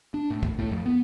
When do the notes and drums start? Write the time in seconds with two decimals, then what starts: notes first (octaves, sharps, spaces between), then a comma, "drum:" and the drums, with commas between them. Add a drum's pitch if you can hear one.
0.14 D4
0.31 A2
0.43 A#1, drum: kick
0.59 A2
0.71 F2
0.86 B3